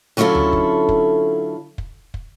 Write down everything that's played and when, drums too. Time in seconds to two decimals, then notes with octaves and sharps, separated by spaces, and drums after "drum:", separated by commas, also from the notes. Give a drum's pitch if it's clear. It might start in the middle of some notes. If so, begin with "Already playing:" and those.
0.17 D3 F#3 C#4 E4 F4 A4
0.35 drum: tom D2
0.53 drum: kick
0.89 drum: kick
1.78 drum: kick
2.14 drum: kick